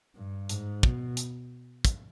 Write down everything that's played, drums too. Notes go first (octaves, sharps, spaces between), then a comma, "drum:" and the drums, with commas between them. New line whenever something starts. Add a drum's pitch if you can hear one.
G2
G#2, drum: hi-hat
B2, drum: kick
drum: hi-hat
drum: kick, hi-hat